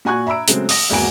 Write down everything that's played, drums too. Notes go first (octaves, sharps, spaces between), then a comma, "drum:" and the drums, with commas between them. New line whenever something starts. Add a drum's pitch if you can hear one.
A#2 F#4 G#5 C#6 F#6 G#6
E5 A#5 B5 E6 D7
C#3 F#3 G#3 A3 C4, drum: hi-hat
D#6 A#6, drum: open hi-hat
G#1 E2 A#3 F#4 G#5 D7